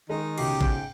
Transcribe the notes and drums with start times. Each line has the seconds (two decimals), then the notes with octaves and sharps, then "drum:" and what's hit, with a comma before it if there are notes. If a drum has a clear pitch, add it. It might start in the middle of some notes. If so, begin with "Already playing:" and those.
0.10 D#3 G#3 D#4
0.38 C#2 B2 G4 C7, drum: cymbal
0.61 G#2 G5, drum: kick